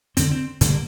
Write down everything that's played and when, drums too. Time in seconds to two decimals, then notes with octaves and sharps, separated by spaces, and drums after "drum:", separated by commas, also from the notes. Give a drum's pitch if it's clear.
0.17 F2 D3 C4, drum: hi-hat
0.31 C4
0.61 G2 D3 A3, drum: hi-hat
0.70 A#3